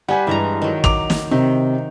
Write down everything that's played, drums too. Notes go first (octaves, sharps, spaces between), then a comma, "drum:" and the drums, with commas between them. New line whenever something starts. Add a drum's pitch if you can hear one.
G3 B4 C5 F#5 G#5
G2 E3 G#3 A#5
D#3 F#3
D6 F7, drum: kick
drum: snare
C3 D#3